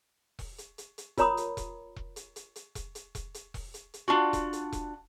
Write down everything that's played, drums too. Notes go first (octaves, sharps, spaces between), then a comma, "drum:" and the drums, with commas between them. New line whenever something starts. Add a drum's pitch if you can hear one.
drum: kick E1, open hi-hat
drum: hi-hat
drum: hi-hat
drum: hi-hat
F4 A#4 C#5 A#5 B5 D#6, drum: kick E1, hi-hat
drum: hi-hat
drum: kick E1, hi-hat
drum: kick E1
drum: hi-hat
drum: hi-hat
drum: hi-hat
drum: kick E1, hi-hat
drum: hi-hat
drum: kick E1, hi-hat
drum: hi-hat
drum: kick E1, open hi-hat
drum: hi-hat
drum: hi-hat
D4 F4 F#4
drum: kick E1, hi-hat
drum: hi-hat
drum: kick E1, hi-hat